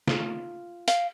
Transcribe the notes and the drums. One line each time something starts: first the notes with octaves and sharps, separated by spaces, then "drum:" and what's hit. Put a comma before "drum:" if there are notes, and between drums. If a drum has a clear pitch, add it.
F4, drum: snare
F5, drum: hi-hat